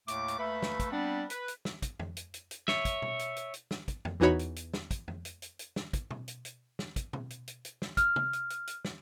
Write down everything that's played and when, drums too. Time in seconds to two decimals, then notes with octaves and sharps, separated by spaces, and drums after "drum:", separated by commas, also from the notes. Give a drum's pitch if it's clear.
0.08 D#2 A2 A3 D6, drum: hi-hat
0.28 drum: hi-hat
0.39 D#2 A3 B4 E5 B5
0.62 drum: snare
0.80 drum: kick, hi-hat
0.92 G3 B3 C4 D4
1.30 B4, drum: hi-hat
1.48 drum: hi-hat
1.65 drum: snare
1.82 drum: kick, hi-hat
1.99 drum: tom F2
2.17 drum: hi-hat
2.34 drum: hi-hat
2.51 drum: hi-hat
2.68 C#5 E5, drum: snare
2.85 drum: kick, hi-hat
3.02 drum: tom B2
3.19 drum: hi-hat
3.37 drum: hi-hat
3.54 drum: hi-hat
3.71 drum: snare
3.88 drum: kick, hi-hat
4.05 drum: tom F2
4.20 E2 E3 D#4 F#4 C#5 B5
4.39 drum: hi-hat
4.56 drum: hi-hat
4.74 drum: snare
4.91 drum: kick, hi-hat
5.08 drum: tom F2
5.25 drum: hi-hat
5.42 drum: hi-hat
5.59 drum: hi-hat
5.76 drum: snare
5.93 drum: kick, hi-hat
6.11 drum: tom B2
6.28 drum: hi-hat
6.45 drum: hi-hat
6.79 drum: snare
6.96 drum: kick, hi-hat
7.13 drum: tom B2
7.30 drum: hi-hat
7.48 drum: hi-hat
7.65 drum: hi-hat
7.82 drum: snare
7.97 F6, drum: kick, hi-hat
8.16 drum: tom
8.33 drum: hi-hat
8.50 drum: hi-hat
8.67 drum: hi-hat
8.85 drum: snare